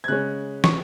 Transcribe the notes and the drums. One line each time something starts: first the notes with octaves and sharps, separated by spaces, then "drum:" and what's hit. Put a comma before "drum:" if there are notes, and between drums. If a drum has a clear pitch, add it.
G#6
C#3 G#3 C#4 F#6
C#6, drum: snare